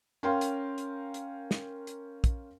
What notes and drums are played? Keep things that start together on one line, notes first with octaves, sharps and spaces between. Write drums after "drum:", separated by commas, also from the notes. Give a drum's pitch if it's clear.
C#4 A#4 F5 G5 C6
drum: hi-hat
drum: hi-hat
drum: hi-hat
drum: snare
drum: hi-hat
drum: kick, hi-hat